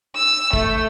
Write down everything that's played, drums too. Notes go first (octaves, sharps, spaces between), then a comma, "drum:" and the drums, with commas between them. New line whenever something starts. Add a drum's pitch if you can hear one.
E6
A3, drum: kick